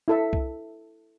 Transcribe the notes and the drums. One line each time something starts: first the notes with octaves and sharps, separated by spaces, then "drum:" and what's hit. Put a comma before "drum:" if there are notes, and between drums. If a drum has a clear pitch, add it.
E4 A4 E5
drum: kick C2